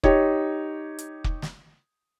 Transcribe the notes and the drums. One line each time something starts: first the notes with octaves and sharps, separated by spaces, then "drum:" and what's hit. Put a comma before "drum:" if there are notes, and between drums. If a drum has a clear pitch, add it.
D#4 G4 C#5, drum: kick
drum: hi-hat
drum: kick
drum: snare